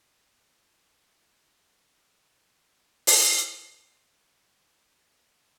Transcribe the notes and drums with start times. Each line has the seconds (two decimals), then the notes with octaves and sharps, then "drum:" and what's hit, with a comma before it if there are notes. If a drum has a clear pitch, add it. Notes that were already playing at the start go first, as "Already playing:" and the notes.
0.17 E2 A2 A3 F4 G4
0.81 G#2 D#6 C#7
1.21 B5 C#6 E6 G6 G#6
3.07 drum: open hi-hat
4.52 G3 E4